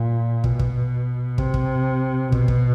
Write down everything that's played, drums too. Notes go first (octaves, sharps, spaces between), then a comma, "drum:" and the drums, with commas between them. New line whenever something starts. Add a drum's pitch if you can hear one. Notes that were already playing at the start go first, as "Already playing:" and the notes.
Already playing: A#2
B2, drum: kick
drum: kick
C3, drum: kick
drum: kick
B2, drum: kick
drum: kick